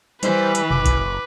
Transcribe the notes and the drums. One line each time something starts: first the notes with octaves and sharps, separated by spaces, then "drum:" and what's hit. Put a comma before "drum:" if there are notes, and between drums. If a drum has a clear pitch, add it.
E3 G3 B4 C5, drum: hi-hat
drum: hi-hat
F#1 D6, drum: tom B2
drum: kick B1, hi-hat